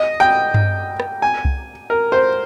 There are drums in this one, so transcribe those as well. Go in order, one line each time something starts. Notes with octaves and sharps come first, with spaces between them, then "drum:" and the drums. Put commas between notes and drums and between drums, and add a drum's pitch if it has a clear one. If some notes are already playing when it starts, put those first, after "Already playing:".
Already playing: D#5
G5
drum: tom G2
drum: rim click
G#5
drum: kick C2
A#4
C5